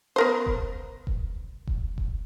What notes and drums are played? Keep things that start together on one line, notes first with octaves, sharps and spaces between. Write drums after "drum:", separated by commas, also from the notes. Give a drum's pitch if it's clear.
B3 A#4 C5
drum: kick E1
drum: kick E1
drum: kick E1
drum: kick E1